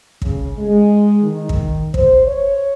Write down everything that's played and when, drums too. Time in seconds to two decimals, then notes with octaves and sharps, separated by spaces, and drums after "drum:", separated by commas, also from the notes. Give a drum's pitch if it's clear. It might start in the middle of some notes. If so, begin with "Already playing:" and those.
0.22 C#3, drum: kick
0.58 G#3
1.22 D#3
1.49 drum: kick
1.94 C5, drum: kick
2.25 C#5